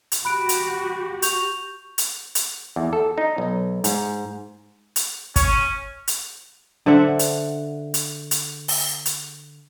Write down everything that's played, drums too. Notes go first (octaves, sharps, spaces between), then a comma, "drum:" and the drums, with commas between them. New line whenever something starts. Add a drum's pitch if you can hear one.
drum: hi-hat
F#4 G4 B5 F#6 D7
drum: hi-hat
C#6 G6 F7, drum: hi-hat
drum: hi-hat
drum: hi-hat
E2
A4
D#4
B1
G#2, drum: hi-hat
drum: hi-hat
C#4, drum: kick, hi-hat
drum: hi-hat
D3 C5 E5 F#5
drum: hi-hat
drum: hi-hat
drum: hi-hat
drum: open hi-hat
drum: hi-hat